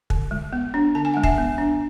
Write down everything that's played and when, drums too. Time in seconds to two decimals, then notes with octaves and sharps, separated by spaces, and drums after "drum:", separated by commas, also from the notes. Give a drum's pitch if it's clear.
0.10 D3, drum: kick
0.31 G#3
0.53 B3
0.74 D4
0.95 D3 A5
1.05 G#5
1.14 G#3 F#5
1.23 E5 G#5, drum: kick
1.38 B3
1.58 D4